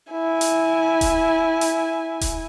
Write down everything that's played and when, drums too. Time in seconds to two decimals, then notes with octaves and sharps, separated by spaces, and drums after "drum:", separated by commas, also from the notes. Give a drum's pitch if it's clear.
0.11 E4 G#5
0.41 drum: hi-hat
1.01 drum: kick D#1, hi-hat
1.61 drum: hi-hat
2.21 drum: kick D#1, hi-hat